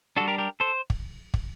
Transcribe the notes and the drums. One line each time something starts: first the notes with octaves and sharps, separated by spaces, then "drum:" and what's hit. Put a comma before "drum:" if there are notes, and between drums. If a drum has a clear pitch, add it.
G3 D4 F#4 A4
G4 A#4
G4 A#4
A4 C5
drum: kick
drum: kick